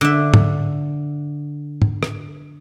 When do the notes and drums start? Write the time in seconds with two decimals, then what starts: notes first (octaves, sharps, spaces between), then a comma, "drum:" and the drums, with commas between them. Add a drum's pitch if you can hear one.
0.01 D3 E5
0.34 drum: tom
1.82 drum: tom
2.03 drum: rim click